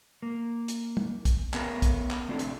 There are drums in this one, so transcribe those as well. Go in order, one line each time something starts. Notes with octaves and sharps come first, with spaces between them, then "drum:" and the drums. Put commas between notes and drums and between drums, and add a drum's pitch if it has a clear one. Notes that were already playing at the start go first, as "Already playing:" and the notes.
A#3
drum: hi-hat
drum: tom
drum: kick, hi-hat
A3 B3 C#4 A#4, drum: clap
drum: kick, hi-hat
drum: clap
A3 C4 D4 F4 G4 A4
drum: hi-hat